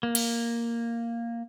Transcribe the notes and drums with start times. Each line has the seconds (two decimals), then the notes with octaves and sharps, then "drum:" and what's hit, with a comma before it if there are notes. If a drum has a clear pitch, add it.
0.03 A#3
0.15 drum: cymbal